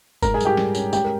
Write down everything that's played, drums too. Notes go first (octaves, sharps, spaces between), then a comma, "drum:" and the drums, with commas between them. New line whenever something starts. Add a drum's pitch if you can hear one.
G#2 A#4 A#5, drum: kick F#1, tambourine
G#4 G#5
G3, drum: tambourine
G4 G5
G3, drum: snare
C#4, drum: tambourine
G#3 G4 G5, drum: tambourine
A#4